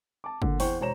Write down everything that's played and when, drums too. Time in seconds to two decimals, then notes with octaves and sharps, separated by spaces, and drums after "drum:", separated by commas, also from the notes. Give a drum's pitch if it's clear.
0.24 A5 D6
0.42 A#2 D3, drum: kick G1
0.60 E2 C5 G5 C#6, drum: open hi-hat
0.80 E1 C5 C#5 A#5 E7